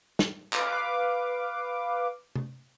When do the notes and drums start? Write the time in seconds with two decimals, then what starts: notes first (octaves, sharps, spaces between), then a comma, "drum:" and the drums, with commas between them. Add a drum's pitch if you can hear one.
0.19 drum: snare
0.53 B4 F5 D6, drum: clap
2.35 drum: tom C3